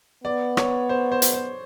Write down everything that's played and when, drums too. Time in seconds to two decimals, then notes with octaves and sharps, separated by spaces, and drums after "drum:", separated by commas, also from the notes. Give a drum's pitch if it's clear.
0.24 B3 D5
0.57 C#5, drum: rim click
0.89 C5
1.12 C5
1.22 drum: hi-hat
1.33 C5